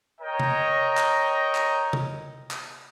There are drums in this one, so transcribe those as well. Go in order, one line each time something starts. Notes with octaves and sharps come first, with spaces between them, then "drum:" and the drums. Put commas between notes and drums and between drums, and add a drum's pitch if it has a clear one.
A#4 C#5 D#5 G5 A#5
drum: tom C3
drum: clap
drum: clap
drum: tom
drum: clap